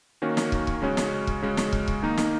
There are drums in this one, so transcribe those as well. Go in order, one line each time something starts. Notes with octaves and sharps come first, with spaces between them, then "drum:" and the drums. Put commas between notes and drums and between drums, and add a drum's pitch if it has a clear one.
D#3 A#3 C#4 F#4
drum: snare
drum: kick
drum: kick
C#3 G#3 C#4 F#4
drum: snare
drum: kick
C#3 G#3 C#4 F#4
drum: snare
drum: kick
drum: kick
D#3 A#3 D#4
drum: snare